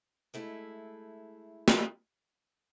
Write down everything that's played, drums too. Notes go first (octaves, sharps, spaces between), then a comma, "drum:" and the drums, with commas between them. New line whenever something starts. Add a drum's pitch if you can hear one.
G#3 A3 E4
drum: snare